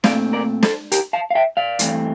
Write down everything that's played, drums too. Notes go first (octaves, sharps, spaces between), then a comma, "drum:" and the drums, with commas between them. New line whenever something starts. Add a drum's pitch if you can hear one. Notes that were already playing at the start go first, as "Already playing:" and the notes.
A#2 A3 C4 D5 F5, drum: snare
A#4 D5
A4 C5, drum: snare
G4 A#4, drum: hi-hat
F5 A5
F5
E5 G5
D5 F5
G2 E3 A3 C4, drum: hi-hat